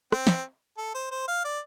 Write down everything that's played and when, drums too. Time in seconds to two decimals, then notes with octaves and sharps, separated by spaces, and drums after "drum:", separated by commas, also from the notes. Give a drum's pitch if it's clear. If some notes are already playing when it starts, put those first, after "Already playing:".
0.12 C4, drum: rim click
0.27 drum: snare
0.78 A4
0.95 C5
1.11 C5
1.28 F5
1.45 D5